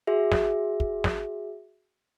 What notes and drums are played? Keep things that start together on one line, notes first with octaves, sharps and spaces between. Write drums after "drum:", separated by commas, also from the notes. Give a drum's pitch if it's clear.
F#4 G#4 E5
drum: snare
drum: kick
drum: snare